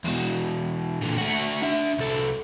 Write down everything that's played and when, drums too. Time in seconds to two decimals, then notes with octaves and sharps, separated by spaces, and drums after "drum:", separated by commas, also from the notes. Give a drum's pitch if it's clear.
0.05 E2 B2, drum: open hi-hat
1.02 A#2 D3
1.18 A3 F#4
1.62 D4 E5
1.98 C2 A4